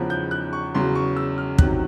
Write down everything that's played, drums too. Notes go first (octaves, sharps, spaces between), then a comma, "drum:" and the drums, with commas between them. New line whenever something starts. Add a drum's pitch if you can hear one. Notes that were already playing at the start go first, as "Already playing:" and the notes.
Already playing: E2 C#3 F3 F#6
G6
F#6
C#6
E2 C#3 F#3 C6
C#6
E6
F6
E2 C3 D#3 F#3 F#6, drum: kick